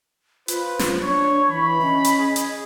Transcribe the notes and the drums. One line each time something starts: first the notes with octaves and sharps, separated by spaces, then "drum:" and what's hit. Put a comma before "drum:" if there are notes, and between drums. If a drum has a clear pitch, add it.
F4 B4 C5, drum: hi-hat
drum: snare
D4 C#5 C#6
E3 B5
C#4 D#5
drum: hi-hat
G#4
drum: hi-hat